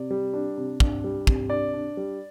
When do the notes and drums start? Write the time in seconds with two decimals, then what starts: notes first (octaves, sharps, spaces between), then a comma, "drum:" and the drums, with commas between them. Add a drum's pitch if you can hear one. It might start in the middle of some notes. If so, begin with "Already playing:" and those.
Already playing: C3 D5
0.10 G3
0.34 D4
0.57 C3
0.80 D4, drum: kick
1.04 G3
1.27 C3, drum: kick
1.50 D4 D5
1.73 D4
1.97 G3